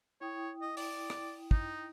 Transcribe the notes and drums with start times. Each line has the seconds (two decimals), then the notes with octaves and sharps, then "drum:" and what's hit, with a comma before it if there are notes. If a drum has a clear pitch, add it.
0.21 E4 C#5 G5 D#6
0.62 D#5
0.77 D5, drum: open hi-hat
1.10 drum: rim click
1.51 D#4, drum: kick